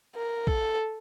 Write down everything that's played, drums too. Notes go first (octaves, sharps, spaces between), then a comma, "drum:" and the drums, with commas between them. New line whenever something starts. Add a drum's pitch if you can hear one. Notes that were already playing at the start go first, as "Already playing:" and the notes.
A#4
A4, drum: kick